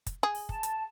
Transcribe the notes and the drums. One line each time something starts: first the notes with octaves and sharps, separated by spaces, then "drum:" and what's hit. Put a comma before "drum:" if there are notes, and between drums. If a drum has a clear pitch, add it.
drum: kick, hi-hat
G#4
drum: open hi-hat
A5, drum: kick
drum: hi-hat